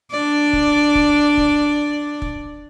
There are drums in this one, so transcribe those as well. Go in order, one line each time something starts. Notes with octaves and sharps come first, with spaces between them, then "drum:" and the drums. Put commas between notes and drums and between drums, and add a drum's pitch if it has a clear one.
D4 D5
drum: kick
drum: kick
drum: kick
drum: kick